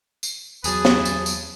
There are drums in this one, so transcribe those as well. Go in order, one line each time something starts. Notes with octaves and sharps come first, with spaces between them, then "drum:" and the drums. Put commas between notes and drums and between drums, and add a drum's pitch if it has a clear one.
drum: tambourine
E2 F#3 G#4 B4 A5, drum: tambourine
drum: snare
drum: tambourine
drum: tambourine